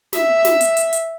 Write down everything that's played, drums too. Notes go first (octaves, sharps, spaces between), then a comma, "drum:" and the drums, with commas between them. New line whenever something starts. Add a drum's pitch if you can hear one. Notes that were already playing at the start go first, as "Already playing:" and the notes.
E5, drum: snare
drum: snare
drum: hi-hat
drum: hi-hat
drum: hi-hat